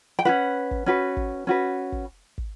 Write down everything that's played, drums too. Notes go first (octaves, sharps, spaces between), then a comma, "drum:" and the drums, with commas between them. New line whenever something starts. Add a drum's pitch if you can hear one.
G5
C#4 F#4 B4 F#5
drum: kick
C#4 F#4 B4
drum: kick
C#4 F#4 B4
drum: kick
drum: kick